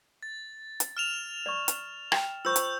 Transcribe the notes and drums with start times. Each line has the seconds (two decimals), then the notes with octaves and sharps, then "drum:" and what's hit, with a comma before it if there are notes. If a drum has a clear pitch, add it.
0.23 A6
0.80 drum: hi-hat
0.97 F6 E7 F7
1.46 D5 C#6
1.68 drum: hi-hat
2.12 G5, drum: rim click
2.45 F4 C5 C#6 E6 G6
2.56 drum: hi-hat